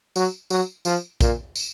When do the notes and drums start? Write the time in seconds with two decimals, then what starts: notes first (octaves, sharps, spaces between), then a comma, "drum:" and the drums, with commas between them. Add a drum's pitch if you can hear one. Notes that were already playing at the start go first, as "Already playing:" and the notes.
0.16 F#3, drum: tambourine
0.50 F#3, drum: tambourine
0.85 F3, drum: tambourine
1.21 A#2, drum: kick A#1, tambourine
1.56 drum: tambourine